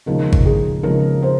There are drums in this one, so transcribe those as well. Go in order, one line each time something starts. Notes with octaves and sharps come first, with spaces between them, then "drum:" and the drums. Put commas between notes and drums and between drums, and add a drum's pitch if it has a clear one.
D#2 C#3 F3 G#3 A#4
drum: kick G#1
G#4
D#2 C#3 F3 G#3 A#4
C5